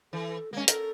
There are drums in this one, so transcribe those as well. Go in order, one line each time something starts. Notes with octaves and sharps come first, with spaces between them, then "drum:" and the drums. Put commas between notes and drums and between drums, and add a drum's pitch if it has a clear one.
E3 A4
G#3 A#3 C#4
A4 A#4, drum: hi-hat